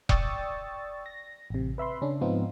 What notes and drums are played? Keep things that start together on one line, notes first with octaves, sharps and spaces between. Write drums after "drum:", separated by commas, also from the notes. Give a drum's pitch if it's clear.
D5 G5 C#6 D#6 E6 A6, drum: kick E1
A#6
A1 C3
B4 E5 B5 C6
C#3 C#4 D4
G#2 F3 B3 C4 D#4 F4